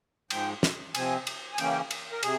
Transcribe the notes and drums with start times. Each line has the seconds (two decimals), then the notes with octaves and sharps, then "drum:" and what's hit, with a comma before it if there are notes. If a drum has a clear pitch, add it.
0.30 G#2 F3 G#3 G5, drum: cymbal
0.63 drum: snare
0.95 C3 F3 C4 G#5, drum: cymbal
1.27 drum: cymbal
1.53 G#5
1.58 C#3 E3 A#3 C#4 G5, drum: cymbal
1.91 drum: cymbal
2.12 A#4
2.23 C3 G#4, drum: cymbal